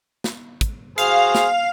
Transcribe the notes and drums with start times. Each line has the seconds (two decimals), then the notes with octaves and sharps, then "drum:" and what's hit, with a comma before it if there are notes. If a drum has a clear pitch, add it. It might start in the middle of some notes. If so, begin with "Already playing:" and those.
0.24 drum: snare
0.61 drum: kick, hi-hat
0.98 F#4 G#4 C5 F5, drum: hi-hat
1.35 drum: snare